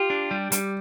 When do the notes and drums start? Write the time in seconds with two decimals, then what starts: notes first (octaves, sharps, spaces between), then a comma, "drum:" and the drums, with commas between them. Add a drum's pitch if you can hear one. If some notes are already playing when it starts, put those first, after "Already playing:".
Already playing: F4 G4
0.10 D4
0.31 G3
0.52 G3, drum: hi-hat